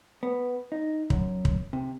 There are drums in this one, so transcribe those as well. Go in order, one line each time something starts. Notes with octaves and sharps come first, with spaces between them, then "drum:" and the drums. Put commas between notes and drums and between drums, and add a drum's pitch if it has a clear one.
B3
D#4
F#2, drum: kick
drum: kick
C3